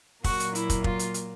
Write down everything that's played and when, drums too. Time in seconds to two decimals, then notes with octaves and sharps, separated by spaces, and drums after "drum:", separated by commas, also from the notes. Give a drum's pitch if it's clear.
0.24 A#2 F#3 A#3 F#4, drum: kick, open hi-hat
0.40 drum: hi-hat
0.55 E4, drum: hi-hat
0.70 drum: kick, hi-hat
0.84 F4, drum: kick
0.99 drum: hi-hat
1.14 drum: hi-hat